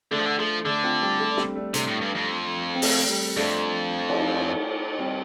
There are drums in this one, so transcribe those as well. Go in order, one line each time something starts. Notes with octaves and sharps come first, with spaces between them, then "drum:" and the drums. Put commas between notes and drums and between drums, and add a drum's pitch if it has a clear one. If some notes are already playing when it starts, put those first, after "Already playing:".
D3 A3 D4
F3
D3
F3 A3
D3 A3 D4
C4 F4
G3 C4
A3
D4
G3 C4, drum: snare
A3 D4
C3 A3 D4, drum: hi-hat
A2
G2
F2
C4
A3, drum: open hi-hat
G3
F2 A3 D4
drum: cymbal
G3 C4